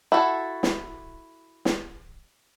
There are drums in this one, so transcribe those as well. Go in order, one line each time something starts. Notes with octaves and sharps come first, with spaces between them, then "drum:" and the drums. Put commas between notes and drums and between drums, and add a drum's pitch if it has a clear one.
E4 F#4 A4
drum: snare
drum: snare